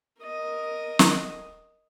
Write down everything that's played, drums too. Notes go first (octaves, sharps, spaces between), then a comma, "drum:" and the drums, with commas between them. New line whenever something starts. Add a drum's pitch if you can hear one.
A#4 D#5
drum: snare